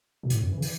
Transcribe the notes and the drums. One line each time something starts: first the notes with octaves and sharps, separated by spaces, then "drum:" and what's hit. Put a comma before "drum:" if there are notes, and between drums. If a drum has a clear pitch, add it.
B2
A2, drum: hi-hat
F#2
E3
C#3
E3, drum: open hi-hat